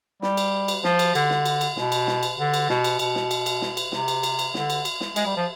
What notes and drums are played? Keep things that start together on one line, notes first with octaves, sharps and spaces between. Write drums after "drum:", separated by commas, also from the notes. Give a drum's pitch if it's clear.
G3, drum: snare
drum: cymbal
drum: cymbal
F3, drum: snare
drum: cymbal
D3, drum: cymbal
drum: snare
drum: cymbal
drum: cymbal
B2, drum: snare
drum: cymbal
drum: snare
drum: cymbal
D3
drum: cymbal
B2, drum: snare
drum: cymbal
B2, drum: cymbal
drum: snare
drum: cymbal
drum: cymbal
drum: snare
drum: cymbal
C3, drum: snare
drum: cymbal
drum: cymbal
drum: cymbal
D3, drum: snare
drum: cymbal
drum: cymbal
drum: snare
G#3, drum: cymbal
G3
F3